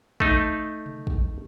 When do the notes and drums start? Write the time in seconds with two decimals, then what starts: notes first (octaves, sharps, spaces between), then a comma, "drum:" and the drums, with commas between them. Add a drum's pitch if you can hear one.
0.20 A3 D#4, drum: kick
0.86 drum: tom C3
1.07 drum: kick